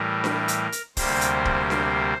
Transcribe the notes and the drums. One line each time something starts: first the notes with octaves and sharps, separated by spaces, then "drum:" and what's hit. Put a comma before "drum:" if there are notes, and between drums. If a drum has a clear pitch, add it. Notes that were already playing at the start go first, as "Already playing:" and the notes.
Already playing: A2 E3 G3 A#4
drum: snare D4
drum: hi-hat
drum: hi-hat
D2 C3 G3 A#3 C5, drum: kick, open hi-hat
drum: hi-hat
drum: kick
C5, drum: snare D4